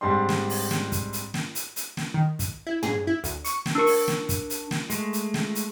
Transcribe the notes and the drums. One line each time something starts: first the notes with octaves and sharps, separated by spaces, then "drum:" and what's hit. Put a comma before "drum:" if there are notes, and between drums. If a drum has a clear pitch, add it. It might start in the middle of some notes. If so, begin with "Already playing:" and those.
G#2 G3 C4 D4 C6
drum: snare
drum: open hi-hat
drum: snare
drum: kick, hi-hat
drum: hi-hat
drum: snare
drum: hi-hat
drum: hi-hat
drum: snare
D#3
drum: kick, hi-hat
E4
G#4, drum: tom
E4
D2, drum: hi-hat
C#6, drum: hi-hat
drum: snare
D4 A#4 C#6 E6
drum: open hi-hat
drum: snare
drum: kick, hi-hat
drum: hi-hat
drum: snare
G#3 A3, drum: hi-hat
drum: hi-hat
drum: snare
drum: hi-hat